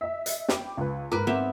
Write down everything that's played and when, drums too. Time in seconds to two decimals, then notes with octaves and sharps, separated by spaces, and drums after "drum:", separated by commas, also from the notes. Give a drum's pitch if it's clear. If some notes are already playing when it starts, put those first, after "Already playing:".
0.01 D#5 E5
0.26 drum: hi-hat
0.49 G5 B5 D6, drum: snare
0.77 C#2 B4
1.12 G#2 A#4 B4 D6
1.27 B3 C4 E5